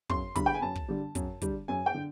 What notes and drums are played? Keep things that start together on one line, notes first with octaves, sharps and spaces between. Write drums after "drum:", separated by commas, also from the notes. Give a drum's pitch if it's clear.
F#2 C6, drum: kick
D3 G3 B5, drum: kick, hi-hat
G5
G#5
F#2 A5
drum: kick
D3 G3
F#2, drum: kick, hi-hat
D3 G3, drum: kick, hi-hat
F#2 G#5
G5
D3